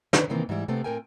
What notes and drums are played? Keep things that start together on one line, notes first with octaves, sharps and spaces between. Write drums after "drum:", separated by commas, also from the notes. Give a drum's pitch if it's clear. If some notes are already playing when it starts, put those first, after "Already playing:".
D#3 C#4 D4 B4 C5, drum: snare
C3 D#3 E3 A#3 C4
G#2 E3 G3 E4
C3 A3 B3 C4
A2 C4 A#4 G5 G#5